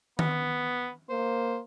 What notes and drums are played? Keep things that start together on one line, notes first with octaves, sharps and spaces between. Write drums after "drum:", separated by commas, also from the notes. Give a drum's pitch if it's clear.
B3, drum: tom D#3
A#3 C5